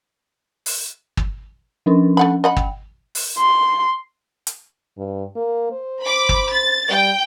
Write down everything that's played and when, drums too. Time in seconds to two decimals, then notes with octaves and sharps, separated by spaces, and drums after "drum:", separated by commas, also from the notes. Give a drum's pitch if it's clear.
0.66 drum: open hi-hat
1.17 drum: kick
1.86 F3 C#4 D4
2.17 A3 F#5 B5
2.44 D#5 F#5 B5
2.57 G5, drum: kick
3.15 drum: open hi-hat
3.38 C6
4.47 drum: hi-hat
4.97 G2
5.36 A#3
5.71 C5
6.02 B5 D6
6.29 drum: kick
6.52 A6
6.90 G3 G5